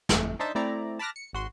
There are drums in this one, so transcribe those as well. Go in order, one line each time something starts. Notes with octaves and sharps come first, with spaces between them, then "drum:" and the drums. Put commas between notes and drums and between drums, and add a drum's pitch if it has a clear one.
G1 F2 A3, drum: snare
D4 D#4 C5 E5 A5
A3 C4 E4 D5 A#5
A5 B5 D6 F6 F#6 A#6
C#7
G#1 F#4 C6